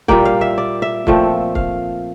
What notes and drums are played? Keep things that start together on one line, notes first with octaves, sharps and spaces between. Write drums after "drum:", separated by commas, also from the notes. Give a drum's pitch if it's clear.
A#2 G3 A#3 G5, drum: kick C#1
F5
E5
D5
E5
A#2 F3 A3 C4, drum: kick C#1
F5, drum: kick C#1